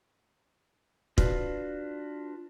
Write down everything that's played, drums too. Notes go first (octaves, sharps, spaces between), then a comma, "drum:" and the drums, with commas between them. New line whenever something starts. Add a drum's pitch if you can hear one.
D4 F4 F#4 B4, drum: kick